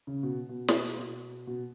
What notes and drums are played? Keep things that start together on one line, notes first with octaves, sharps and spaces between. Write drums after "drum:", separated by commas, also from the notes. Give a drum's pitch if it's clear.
C#3
B2
B2
drum: snare
B2
B2